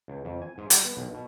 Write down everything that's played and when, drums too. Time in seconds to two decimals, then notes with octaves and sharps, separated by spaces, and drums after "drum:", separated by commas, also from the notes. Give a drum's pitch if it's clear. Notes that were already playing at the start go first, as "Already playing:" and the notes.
0.08 C#2
0.25 F2
0.42 G#5
0.58 G#2
0.70 G3, drum: hi-hat
0.85 B3
0.97 B1
1.14 B2